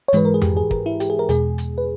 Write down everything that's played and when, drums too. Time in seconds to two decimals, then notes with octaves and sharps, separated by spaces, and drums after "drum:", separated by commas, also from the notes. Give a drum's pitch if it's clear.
0.08 C#5
0.13 G#2 E3 G#3 B4, drum: hi-hat
0.25 A#4
0.34 G#4
0.42 G4, drum: tom F2
0.57 G#4
0.71 A#4, drum: kick
0.86 E4
1.00 G4, drum: hi-hat
1.10 G#4
1.19 A#4
1.29 E2 B2 G#3 G#4, drum: hi-hat
1.58 drum: hi-hat
1.78 B4